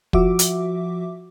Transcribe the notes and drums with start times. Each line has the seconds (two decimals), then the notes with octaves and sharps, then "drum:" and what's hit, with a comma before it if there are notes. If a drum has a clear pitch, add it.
0.13 F3 F#4 E5 D6, drum: kick
0.39 drum: hi-hat